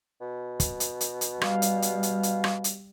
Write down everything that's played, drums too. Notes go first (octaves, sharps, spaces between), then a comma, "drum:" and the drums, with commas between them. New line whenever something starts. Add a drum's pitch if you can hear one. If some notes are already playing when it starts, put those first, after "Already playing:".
B2
drum: kick, hi-hat
drum: hi-hat
drum: hi-hat
drum: hi-hat
G3 F5, drum: rim click
drum: hi-hat
drum: hi-hat
drum: hi-hat
drum: hi-hat
drum: rim click
drum: hi-hat